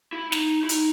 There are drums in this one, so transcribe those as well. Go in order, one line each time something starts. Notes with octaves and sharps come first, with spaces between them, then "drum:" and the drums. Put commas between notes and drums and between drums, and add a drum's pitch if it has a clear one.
E4
D#4, drum: snare
E4
D#4, drum: hi-hat